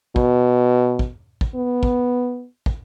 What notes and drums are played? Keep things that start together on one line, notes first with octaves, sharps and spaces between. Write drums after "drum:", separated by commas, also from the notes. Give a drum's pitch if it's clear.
B2, drum: kick
drum: kick
drum: kick
B3
drum: kick
drum: kick